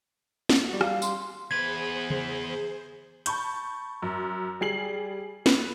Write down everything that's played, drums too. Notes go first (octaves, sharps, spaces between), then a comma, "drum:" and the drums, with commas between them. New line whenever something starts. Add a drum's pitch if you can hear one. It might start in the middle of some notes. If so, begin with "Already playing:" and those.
drum: snare
G3 F#4
F5, drum: rim click
C6, drum: tambourine
E2 G#4 B4 C5 G#6
drum: tom C#3
A5 B5 C#6 G6, drum: hi-hat
F#2
G3 G#4 C7 F#7
B4, drum: snare